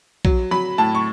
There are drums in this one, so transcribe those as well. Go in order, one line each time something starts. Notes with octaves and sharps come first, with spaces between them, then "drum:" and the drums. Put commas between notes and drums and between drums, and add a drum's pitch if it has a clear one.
F#3, drum: kick
F#3 B5
A2 A5
C#6